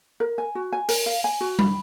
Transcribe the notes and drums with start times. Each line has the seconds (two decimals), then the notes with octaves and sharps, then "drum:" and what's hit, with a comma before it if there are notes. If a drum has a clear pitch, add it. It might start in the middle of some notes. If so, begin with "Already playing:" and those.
0.20 A#4
0.38 G#5
0.55 F#4
0.72 G#5
0.89 A#4, drum: open hi-hat
1.06 F5
1.24 G#5
1.41 F#4
1.59 B5, drum: tom G3